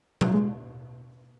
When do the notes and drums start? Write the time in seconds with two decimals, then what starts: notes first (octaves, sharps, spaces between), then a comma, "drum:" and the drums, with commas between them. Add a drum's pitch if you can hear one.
0.21 F#3, drum: tom B2
0.34 G#3